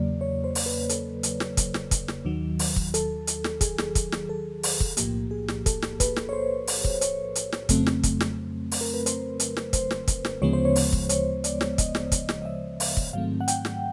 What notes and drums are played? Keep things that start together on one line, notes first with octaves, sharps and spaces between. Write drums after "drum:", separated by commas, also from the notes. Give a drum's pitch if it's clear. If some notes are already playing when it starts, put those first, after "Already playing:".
Already playing: E2 C#3 F#3 A#3 D5
C#5
C5
drum: open hi-hat
B4
A4, drum: hi-hat
drum: hi-hat
drum: snare
drum: kick, hi-hat
drum: snare
drum: kick, hi-hat
drum: snare
D#2 D#3 F#3
drum: open hi-hat
drum: kick
A4, drum: hi-hat
drum: hi-hat
drum: snare
G#4, drum: kick, hi-hat
drum: snare
drum: kick, hi-hat
drum: snare
A4
drum: open hi-hat
drum: kick
B1 A2 F3 A#3 G4, drum: hi-hat
G#4
drum: snare
A4, drum: kick, hi-hat
drum: snare
B4, drum: kick, hi-hat
drum: snare
C#5
C5
drum: open hi-hat
drum: kick
C#5, drum: hi-hat
drum: hi-hat
drum: snare
F2 C#3 F#3 A3 C4, drum: kick, hi-hat
drum: snare
drum: kick, hi-hat
drum: snare
drum: open hi-hat
A#4
B4
C5, drum: hi-hat
drum: hi-hat
drum: snare
C5, drum: kick, hi-hat
drum: snare
drum: kick, hi-hat
drum: snare
D2 C#3 F3 G#3 B3 C#5
C5
C#5
drum: open hi-hat
drum: kick
C#5, drum: hi-hat
D5, drum: hi-hat
drum: snare
D#5, drum: kick, hi-hat
drum: snare
drum: kick, hi-hat
drum: snare
D#5
E5
F5, drum: open hi-hat
drum: kick
G#2 D#3 F#3 A3 C4 F5
F#5
G5, drum: hi-hat
drum: snare